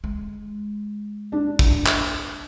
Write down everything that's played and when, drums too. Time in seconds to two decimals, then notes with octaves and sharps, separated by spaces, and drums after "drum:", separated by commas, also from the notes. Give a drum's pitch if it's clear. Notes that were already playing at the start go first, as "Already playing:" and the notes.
0.04 G#3
1.32 D4
1.59 drum: kick
1.86 drum: clap